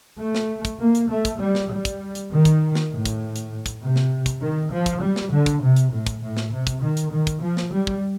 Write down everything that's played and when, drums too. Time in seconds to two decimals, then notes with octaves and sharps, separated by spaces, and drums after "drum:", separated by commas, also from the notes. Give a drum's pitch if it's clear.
0.19 A3
0.35 drum: snare
0.65 drum: kick, hi-hat
0.79 A#3
0.95 drum: hi-hat
1.09 A3
1.25 drum: kick, hi-hat
1.40 G3
1.55 drum: snare
1.70 G3
1.85 drum: kick, hi-hat
2.15 drum: hi-hat
2.30 D#3
2.45 drum: kick, hi-hat
2.75 drum: snare
2.91 A2
3.06 drum: kick, hi-hat
3.36 drum: hi-hat
3.66 drum: kick, hi-hat
3.81 C3
3.96 drum: snare
4.26 drum: kick, hi-hat
4.40 D#3
4.72 F3
4.86 drum: kick, hi-hat
5.01 G3
5.16 drum: snare
5.31 D3
5.46 drum: kick, hi-hat
5.62 C3
5.76 drum: hi-hat
5.92 A2
6.07 drum: kick, hi-hat
6.22 A2
6.37 drum: snare
6.51 C3
6.67 drum: kick, hi-hat
6.81 D#3
6.97 drum: hi-hat
7.11 D#3
7.27 drum: kick, hi-hat
7.41 F3
7.57 drum: snare
7.72 G3
7.87 drum: kick